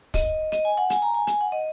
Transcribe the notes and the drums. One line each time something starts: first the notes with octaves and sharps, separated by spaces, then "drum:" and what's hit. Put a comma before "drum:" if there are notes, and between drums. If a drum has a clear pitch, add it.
D#5, drum: kick, open hi-hat
D#5, drum: hi-hat
G#5
F#5
G#5, drum: hi-hat
A#5
G#5
G#5, drum: hi-hat
F#5
D#5